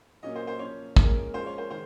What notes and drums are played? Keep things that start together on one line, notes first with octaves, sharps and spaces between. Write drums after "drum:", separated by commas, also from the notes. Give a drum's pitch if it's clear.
A#2 F#3 A#3 C#4 D#5
C5
C5
F3 A#3 C#4 C#5
A#2 G#3 C#4 A#4, drum: kick
F3 G#3 C#4 C5
C#5
C5
D#3 G#3 C5